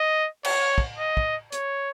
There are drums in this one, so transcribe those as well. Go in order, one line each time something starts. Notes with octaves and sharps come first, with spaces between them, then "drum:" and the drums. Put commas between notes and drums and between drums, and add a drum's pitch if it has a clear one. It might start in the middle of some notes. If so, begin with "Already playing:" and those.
Already playing: D#5
C#5, drum: cymbal
drum: kick
D#5
drum: kick
C#5, drum: hi-hat